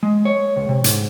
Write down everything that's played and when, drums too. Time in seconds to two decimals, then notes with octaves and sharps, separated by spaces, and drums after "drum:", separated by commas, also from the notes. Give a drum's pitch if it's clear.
0.03 G#3
0.25 C#5
0.56 C#2
0.69 C3
0.84 G#2, drum: hi-hat